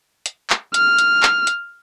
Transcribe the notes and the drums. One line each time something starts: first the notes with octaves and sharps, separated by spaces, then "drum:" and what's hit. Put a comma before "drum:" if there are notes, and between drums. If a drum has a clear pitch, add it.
drum: hi-hat
drum: clap
F6, drum: hi-hat
drum: hi-hat
drum: clap
drum: hi-hat